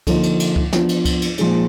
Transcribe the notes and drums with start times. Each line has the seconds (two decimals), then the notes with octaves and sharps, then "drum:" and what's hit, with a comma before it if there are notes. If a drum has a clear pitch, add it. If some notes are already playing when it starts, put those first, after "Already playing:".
0.07 D3 F3 A#3 D#4, drum: kick C#2, cymbal
0.23 drum: cymbal
0.40 drum: cymbal
0.56 drum: kick C#2
0.73 F3 B3 D4 F4, drum: snare
0.89 drum: cymbal
1.05 drum: kick C#2, cymbal
1.22 drum: cymbal
1.38 A#2 F3 G#3 D#4, drum: cymbal